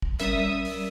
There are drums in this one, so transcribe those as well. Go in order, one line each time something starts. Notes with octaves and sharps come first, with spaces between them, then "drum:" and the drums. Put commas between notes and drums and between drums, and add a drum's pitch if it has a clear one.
drum: kick
G3 C#4 A#4 E5 D#6, drum: hi-hat
drum: open hi-hat